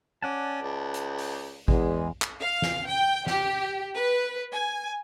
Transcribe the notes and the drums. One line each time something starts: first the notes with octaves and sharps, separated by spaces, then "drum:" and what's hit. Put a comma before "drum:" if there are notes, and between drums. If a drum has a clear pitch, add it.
C#4 D5 F#5 A5
C#2
drum: hi-hat
drum: open hi-hat
E2 G#3, drum: kick G#1
drum: clap
F5
drum: snare
G5
G4, drum: snare
B4
G#5